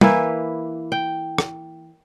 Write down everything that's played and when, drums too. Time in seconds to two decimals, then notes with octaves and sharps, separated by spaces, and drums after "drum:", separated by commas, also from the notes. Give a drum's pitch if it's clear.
0.01 E3 A#3 E4 B4, drum: tom
0.92 G5
1.38 drum: rim click